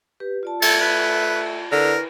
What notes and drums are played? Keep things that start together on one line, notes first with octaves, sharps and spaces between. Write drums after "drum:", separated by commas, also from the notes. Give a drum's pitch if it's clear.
G4 B4
F4 D5 A5
A3 A4, drum: cymbal
B4
D3 E4 A#4 B4